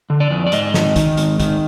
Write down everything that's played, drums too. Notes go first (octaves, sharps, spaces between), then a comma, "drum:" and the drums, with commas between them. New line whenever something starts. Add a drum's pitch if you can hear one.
D3
D5
F2
D5
G#2 D#5, drum: hi-hat
D#3, drum: snare
D#3, drum: kick, hi-hat
G#2, drum: hi-hat
D#3, drum: kick, hi-hat